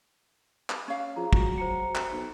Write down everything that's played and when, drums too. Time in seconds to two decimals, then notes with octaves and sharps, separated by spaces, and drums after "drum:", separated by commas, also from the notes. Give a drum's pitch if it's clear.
0.70 drum: clap
0.88 C#4 F5
1.16 F3 G#4 A#5
1.33 F#3 F#4, drum: kick
1.58 C5 A#5 C#7
1.95 drum: clap
2.11 B1